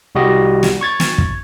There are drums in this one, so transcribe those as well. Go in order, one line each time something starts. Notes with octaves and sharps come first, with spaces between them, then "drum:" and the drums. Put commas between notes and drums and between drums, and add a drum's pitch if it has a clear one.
C2 G3 F#4 G4 D#5
drum: snare
C#6 G#6 A6
drum: snare
drum: kick